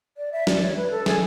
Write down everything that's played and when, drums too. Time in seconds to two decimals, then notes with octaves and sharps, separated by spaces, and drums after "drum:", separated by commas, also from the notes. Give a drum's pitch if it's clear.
0.17 D5
0.32 E5
0.47 D5, drum: snare
0.61 C#5
0.76 B4
0.90 A4
1.06 G#4, drum: snare